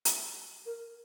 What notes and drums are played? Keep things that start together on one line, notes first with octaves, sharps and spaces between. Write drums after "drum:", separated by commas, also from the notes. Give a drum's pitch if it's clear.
drum: hi-hat
A#4